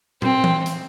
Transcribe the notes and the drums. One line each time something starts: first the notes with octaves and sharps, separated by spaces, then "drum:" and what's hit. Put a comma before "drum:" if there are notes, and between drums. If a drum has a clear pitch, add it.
C4, drum: tom
drum: tom E3
drum: hi-hat